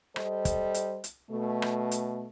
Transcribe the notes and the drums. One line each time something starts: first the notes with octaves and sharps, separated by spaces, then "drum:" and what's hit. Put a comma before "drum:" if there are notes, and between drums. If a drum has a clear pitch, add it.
G3 A4 C5 D#5, drum: rim click
drum: kick, hi-hat
drum: hi-hat
drum: hi-hat
B2 A3
drum: rim click
drum: hi-hat